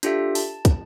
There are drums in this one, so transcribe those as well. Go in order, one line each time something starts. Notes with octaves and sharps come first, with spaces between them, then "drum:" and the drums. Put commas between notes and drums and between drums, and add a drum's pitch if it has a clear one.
D4 F4 G4 A4 E5, drum: hi-hat
A5, drum: open hi-hat
drum: kick, hi-hat